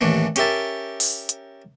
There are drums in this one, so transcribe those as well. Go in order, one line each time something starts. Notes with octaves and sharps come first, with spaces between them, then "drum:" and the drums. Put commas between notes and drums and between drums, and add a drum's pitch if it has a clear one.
A1 D#2 E3 C#4 D4
C#4 G4 A#4 E5 A5, drum: hi-hat
drum: open hi-hat
drum: hi-hat